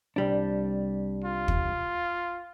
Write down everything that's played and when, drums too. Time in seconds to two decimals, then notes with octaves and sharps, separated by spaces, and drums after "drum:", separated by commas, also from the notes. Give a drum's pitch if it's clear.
0.16 C2 G3 D4
1.24 F4
1.48 drum: kick